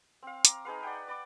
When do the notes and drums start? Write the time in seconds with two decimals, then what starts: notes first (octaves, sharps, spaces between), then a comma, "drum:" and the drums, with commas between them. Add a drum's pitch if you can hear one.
0.23 C4 F5
0.45 A#5 D6, drum: hi-hat
0.65 D#4 G#4 B4 F5
0.83 D5 F#5 G5
1.08 D5 B5 D6